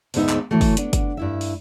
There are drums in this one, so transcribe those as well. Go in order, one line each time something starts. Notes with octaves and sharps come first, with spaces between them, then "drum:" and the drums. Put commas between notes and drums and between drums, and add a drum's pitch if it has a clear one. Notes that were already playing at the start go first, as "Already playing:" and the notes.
D2 G#2 G#3 B3 D#4 E5, drum: open hi-hat
drum: clap
A2 E3 F#3 A3
drum: kick, open hi-hat
B3 D4, drum: hi-hat
drum: kick, hi-hat
G2 E4 E5
drum: open hi-hat